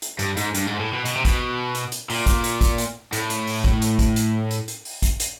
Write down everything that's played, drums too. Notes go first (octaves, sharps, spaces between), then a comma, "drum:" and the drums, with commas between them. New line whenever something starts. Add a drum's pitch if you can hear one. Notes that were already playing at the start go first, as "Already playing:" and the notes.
drum: hi-hat
G2, drum: hi-hat
G#2, drum: hi-hat
G2, drum: hi-hat
G#2
A2
B2
B2, drum: hi-hat
C3
B2, drum: kick, hi-hat
drum: hi-hat
drum: hi-hat
A#2, drum: open hi-hat
drum: kick, hi-hat
drum: hi-hat
drum: kick, hi-hat
drum: hi-hat
A2, drum: hi-hat
drum: hi-hat
drum: open hi-hat
drum: kick, hi-hat
drum: hi-hat
drum: kick, hi-hat
drum: hi-hat
drum: hi-hat
drum: hi-hat
drum: open hi-hat
drum: kick, hi-hat
drum: hi-hat